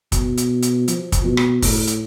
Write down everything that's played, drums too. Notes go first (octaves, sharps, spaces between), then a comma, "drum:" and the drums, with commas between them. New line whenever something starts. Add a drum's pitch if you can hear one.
B2, drum: kick, hi-hat
drum: hi-hat
drum: hi-hat
F3, drum: hi-hat
drum: kick, hi-hat
B2
drum: rim click
A2, drum: kick, open hi-hat
drum: hi-hat